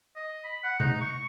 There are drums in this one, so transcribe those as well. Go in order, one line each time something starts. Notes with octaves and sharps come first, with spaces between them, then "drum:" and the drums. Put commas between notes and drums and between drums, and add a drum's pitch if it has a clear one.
D#5
B5
F#5
D#4, drum: tom C3
C#6